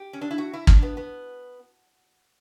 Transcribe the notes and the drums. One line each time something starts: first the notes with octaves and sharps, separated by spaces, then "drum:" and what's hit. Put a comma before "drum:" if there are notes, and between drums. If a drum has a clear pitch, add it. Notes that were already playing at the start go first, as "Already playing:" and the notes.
Already playing: G4
C#4
D4
E4
F#4
E4
D4, drum: kick
B3
B3